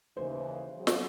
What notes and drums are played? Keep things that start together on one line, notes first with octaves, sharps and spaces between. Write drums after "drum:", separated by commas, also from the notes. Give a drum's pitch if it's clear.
D#2 C#3 E3 C5
F#3 C4 G#4
drum: snare